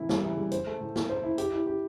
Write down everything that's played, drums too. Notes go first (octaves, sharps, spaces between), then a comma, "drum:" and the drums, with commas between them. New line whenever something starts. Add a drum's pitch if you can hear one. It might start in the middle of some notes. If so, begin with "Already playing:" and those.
Already playing: A2 C3 E3 E4
G3, drum: snare
E3
G3
C5, drum: hi-hat
A3
A2
A3, drum: snare
C5
E4
G4, drum: hi-hat
E4
G4